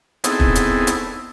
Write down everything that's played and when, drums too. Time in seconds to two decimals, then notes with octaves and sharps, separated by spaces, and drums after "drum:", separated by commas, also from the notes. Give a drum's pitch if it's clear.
0.24 B3 C4 D#4 E4 G#4 A4, drum: hi-hat
0.40 drum: kick
0.55 drum: hi-hat
0.87 drum: hi-hat